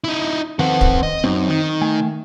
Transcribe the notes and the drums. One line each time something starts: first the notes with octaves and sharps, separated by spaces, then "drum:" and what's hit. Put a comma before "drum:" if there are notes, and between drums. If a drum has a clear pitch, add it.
D#4 E4
D#3 C4 A4 B4 F#5
drum: kick
D#5
F#2 C4 D#4
D#3
A3 G5 G#5